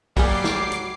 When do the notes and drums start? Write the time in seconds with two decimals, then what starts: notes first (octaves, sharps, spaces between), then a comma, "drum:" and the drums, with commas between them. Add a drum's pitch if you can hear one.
0.17 F#3 G3 A#3 G#4 D6 C7, drum: kick, open hi-hat
0.44 drum: snare
0.72 drum: hi-hat